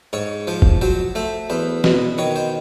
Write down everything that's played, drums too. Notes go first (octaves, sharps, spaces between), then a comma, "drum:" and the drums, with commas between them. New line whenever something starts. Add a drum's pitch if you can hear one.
G#2 C#5
F3 C5
drum: kick
F#3 C5
A3 C5
E2 C5
B2, drum: snare
D#3 C#5
C5